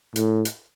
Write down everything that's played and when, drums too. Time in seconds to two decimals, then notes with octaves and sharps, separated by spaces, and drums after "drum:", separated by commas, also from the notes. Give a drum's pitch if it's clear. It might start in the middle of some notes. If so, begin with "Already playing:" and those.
0.16 A2, drum: hi-hat
0.45 drum: hi-hat